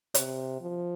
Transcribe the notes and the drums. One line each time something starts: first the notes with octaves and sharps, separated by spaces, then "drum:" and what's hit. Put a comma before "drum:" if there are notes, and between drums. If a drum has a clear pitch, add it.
C3, drum: hi-hat
F3